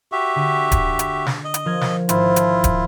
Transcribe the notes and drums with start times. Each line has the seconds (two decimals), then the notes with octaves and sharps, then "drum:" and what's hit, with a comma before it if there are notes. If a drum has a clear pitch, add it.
0.12 F#4 G4 E5
0.36 D3 G#4
0.72 drum: kick D1, hi-hat
0.99 drum: hi-hat
1.26 drum: snare
1.44 D#5
1.54 drum: hi-hat
1.65 F3 A#4 G#6
1.81 drum: snare
2.09 G#1 E4 F4 C5 A5, drum: hi-hat
2.36 drum: hi-hat
2.64 drum: kick D1, hi-hat